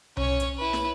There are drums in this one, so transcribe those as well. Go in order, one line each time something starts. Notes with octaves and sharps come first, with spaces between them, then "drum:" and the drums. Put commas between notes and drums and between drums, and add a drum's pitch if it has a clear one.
C#4 C#5, drum: tom C2
drum: hi-hat
E4 B4
drum: snare